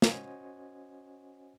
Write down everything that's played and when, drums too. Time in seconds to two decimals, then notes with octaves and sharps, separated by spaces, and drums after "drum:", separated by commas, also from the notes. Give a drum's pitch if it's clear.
0.02 C#4 F#4 C5 D#5 G#5, drum: snare